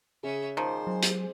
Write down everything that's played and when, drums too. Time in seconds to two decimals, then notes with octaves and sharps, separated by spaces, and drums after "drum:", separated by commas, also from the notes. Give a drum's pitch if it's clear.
0.23 C#3 C#4 G#4 E5
0.57 D#3 F3 G#3 C5 D5
0.87 F#3 C4 G#5
1.02 drum: hi-hat